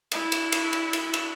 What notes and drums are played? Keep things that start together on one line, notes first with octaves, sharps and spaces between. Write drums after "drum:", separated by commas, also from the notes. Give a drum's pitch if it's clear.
E4, drum: cymbal
drum: cymbal
drum: cymbal
drum: cymbal
drum: cymbal
drum: cymbal